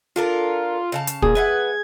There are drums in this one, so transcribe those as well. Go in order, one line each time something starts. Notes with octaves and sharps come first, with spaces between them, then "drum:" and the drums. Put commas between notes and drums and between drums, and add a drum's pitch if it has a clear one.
D4 F4 A4 A#4
C#3 F5 A5
drum: hi-hat
A#2 G#4, drum: kick
B4 E5 F#5 G#6